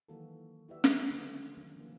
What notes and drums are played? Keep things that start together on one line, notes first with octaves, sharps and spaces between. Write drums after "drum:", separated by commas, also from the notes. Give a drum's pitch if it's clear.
D#3 E3 F#3 A#3 F#4 A4
E4 F#4 G4 B4 D5 E5
C#3 F#3 B3 G4, drum: snare
D3 F3 G#3 A3 B3 C#4
D#3 F#3 A#3 C#4 D4
C#3 E3 F3 A#3 B3